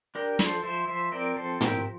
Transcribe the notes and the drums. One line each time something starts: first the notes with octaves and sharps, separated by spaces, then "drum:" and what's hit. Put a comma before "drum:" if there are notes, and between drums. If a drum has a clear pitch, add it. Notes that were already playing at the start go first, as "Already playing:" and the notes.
D4 G4 A#4
F3 A4 C5, drum: snare
F3 C5 E5
F3 C5 E5
C4 A#4 D5
F3 A4 C5
C4 G4 A#4, drum: tom